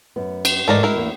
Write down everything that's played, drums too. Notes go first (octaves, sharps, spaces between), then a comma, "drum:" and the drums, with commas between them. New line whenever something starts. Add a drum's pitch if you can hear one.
F#2 B3
drum: cymbal
G#2 E3 A3 A#4 D5
G#3 E4 A#4
E2 A#3